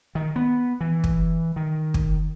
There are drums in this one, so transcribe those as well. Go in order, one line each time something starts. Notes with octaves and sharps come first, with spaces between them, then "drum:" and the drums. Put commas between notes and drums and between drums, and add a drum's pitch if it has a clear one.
D#3
B3
E3
drum: kick
D#3
drum: kick